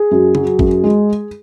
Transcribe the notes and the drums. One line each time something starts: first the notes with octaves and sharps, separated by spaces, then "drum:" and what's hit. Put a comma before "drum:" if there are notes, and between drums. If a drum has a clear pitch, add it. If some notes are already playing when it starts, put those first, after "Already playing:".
Already playing: G#4
F#2
F#3, drum: tom C#3
F#2, drum: kick G#1
G#3